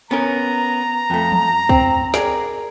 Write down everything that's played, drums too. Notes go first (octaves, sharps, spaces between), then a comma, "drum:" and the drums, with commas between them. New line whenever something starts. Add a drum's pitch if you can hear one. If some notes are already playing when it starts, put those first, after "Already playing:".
B3 C#4 A#4 A#5
F2 A3
drum: tom F3
C4, drum: kick
G#4 A#4 D5, drum: snare